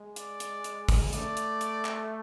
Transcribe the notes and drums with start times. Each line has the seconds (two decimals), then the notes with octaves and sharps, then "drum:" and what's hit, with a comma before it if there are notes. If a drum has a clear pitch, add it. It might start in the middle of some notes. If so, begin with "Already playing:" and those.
Already playing: G#3
0.16 D5, drum: hi-hat
0.40 drum: hi-hat
0.64 drum: hi-hat
0.89 drum: kick, open hi-hat
1.13 A3 D5, drum: hi-hat
1.37 drum: hi-hat
1.61 drum: hi-hat
1.85 drum: clap